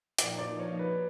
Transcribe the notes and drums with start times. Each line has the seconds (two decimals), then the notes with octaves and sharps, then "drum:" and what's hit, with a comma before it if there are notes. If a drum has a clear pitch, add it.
0.18 A#2 F3 A#3 D#4 D5, drum: hi-hat
0.38 D5
0.59 C#5
0.79 B4